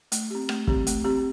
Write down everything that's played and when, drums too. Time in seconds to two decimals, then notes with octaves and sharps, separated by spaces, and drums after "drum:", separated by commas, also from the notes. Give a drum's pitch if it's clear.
0.12 A3, drum: hi-hat
0.30 C4 G4
0.49 A3, drum: rim click
0.68 C4 G4, drum: kick
0.87 A3, drum: hi-hat
1.04 C4 G4